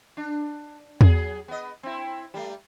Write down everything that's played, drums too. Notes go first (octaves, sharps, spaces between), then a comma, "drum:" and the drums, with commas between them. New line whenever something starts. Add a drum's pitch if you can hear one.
D4
F#3 G#4, drum: tom E2
B3 D#5
C4 E4
G3 A3